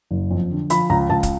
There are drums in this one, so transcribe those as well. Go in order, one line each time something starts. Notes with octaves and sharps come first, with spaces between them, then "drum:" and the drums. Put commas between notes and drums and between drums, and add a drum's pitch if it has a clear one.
F#1
F2
D3
F3 B5, drum: hi-hat
C#2 A#5
C#2 A5
drum: kick, hi-hat